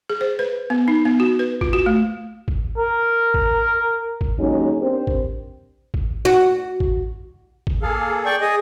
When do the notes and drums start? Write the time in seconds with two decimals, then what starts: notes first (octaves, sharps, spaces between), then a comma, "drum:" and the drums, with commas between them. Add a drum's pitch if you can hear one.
0.10 G#4
0.21 C5
0.39 B4
0.70 B3
0.88 D#4
1.05 B3
1.20 F#4
1.39 B4
1.61 F4, drum: kick
1.73 F#4
1.86 A3
2.48 drum: kick
2.78 A#4
3.34 drum: kick
4.21 drum: kick
4.39 D#2 D3 F#3 G#3 C#4 D#4
4.81 C4 D4 G4 A#4 C5
5.07 drum: kick
5.94 drum: kick
6.25 F#4
6.80 drum: kick
7.67 drum: kick
7.82 A#3 G#4 A4 F5
8.25 D5 G5 C#6
8.41 G#4 D#5